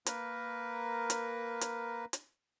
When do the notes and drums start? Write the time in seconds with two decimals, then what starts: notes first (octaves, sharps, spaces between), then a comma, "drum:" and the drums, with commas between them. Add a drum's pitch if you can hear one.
0.06 A#3 A#4 B4, drum: hi-hat
1.10 drum: hi-hat
1.61 drum: hi-hat
2.13 drum: hi-hat